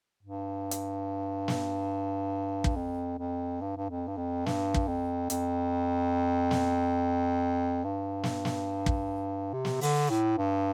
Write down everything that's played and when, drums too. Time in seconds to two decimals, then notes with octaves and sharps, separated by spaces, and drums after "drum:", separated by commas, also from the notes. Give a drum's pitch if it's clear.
0.23 G2
0.71 drum: hi-hat
1.48 drum: snare
2.64 drum: kick
2.76 F2
3.19 F2
3.61 G2
3.77 G2
3.90 F2
4.08 G2
4.17 F2
4.46 G2, drum: snare
4.74 drum: kick
4.87 F2
5.30 F2, drum: hi-hat
6.51 drum: snare
7.84 G2
8.24 drum: snare
8.45 drum: snare
8.86 drum: kick
9.53 C3
9.65 drum: snare
9.81 D3, drum: open hi-hat
10.10 A2
10.38 G2